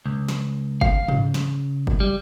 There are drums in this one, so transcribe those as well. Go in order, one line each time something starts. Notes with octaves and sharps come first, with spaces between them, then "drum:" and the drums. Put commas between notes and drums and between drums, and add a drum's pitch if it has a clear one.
C#2
drum: snare
F5, drum: kick G1
C#3, drum: tom G#2
drum: snare
drum: kick G1
G3